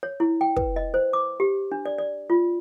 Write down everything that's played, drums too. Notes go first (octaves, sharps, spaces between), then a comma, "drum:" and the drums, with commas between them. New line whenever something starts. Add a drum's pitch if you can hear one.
C#5
E4
G5
B4, drum: kick
D#5
C5
D6
G4
D4
D5
D5
F4